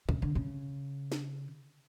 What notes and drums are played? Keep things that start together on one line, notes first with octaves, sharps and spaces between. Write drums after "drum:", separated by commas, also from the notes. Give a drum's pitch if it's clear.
C#3, drum: kick
D3
C#3
drum: snare